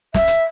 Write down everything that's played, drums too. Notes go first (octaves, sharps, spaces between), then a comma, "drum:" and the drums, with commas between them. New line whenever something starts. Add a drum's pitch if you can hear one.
E5, drum: snare
drum: hi-hat